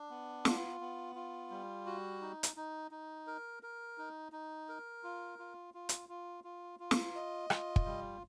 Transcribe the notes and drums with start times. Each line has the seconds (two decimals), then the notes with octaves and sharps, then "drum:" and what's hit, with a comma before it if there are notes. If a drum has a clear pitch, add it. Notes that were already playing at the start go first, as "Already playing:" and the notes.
Already playing: D4
0.10 B3
0.45 F4, drum: snare
0.81 B3
1.15 F4
1.50 G3
1.86 F#4
2.21 D#4
2.43 drum: hi-hat
2.56 D#4
2.91 D#4
3.27 A#4
3.63 A#4
3.98 D#4
4.32 D#4
4.69 A#4
5.03 F4
5.39 F4
5.74 F4
5.89 drum: hi-hat
6.09 F4
6.44 F4
6.80 F4
6.91 drum: snare
7.15 D#5
7.50 F4, drum: rim click
7.76 drum: kick
7.85 G3